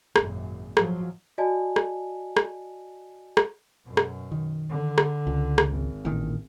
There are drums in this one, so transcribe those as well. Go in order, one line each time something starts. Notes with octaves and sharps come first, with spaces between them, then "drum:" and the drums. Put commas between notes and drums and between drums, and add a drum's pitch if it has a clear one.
G#1 F#2 A#2, drum: rim click
G#2 F3 F#3, drum: rim click
F#4 D5 D#5 G#5 A5
drum: rim click
drum: rim click
drum: rim click
F#2 B2
drum: rim click
D#3
D3
drum: rim click
C#2
drum: rim click
G#1
A1 A#2 D#3